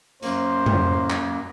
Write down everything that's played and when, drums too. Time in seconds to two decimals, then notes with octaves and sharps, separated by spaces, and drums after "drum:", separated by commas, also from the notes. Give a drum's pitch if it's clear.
0.22 F#2 A#3 C5, drum: hi-hat
0.66 drum: tom F2
1.10 drum: clap